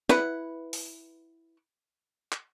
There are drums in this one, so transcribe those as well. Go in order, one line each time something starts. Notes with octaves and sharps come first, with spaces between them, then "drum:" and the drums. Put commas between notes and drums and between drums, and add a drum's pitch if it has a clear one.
E4 B4 F#5, drum: snare
drum: open hi-hat
drum: clap